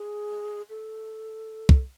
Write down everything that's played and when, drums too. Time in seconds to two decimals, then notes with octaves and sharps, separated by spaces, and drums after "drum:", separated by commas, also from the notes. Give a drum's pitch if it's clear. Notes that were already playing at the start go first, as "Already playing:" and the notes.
Already playing: G#4
0.70 A4
1.69 drum: kick